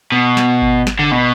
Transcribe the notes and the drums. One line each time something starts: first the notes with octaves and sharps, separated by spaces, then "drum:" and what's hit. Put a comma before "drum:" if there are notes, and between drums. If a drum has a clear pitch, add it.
B2
drum: snare
drum: kick G#1
drum: snare
D3
B2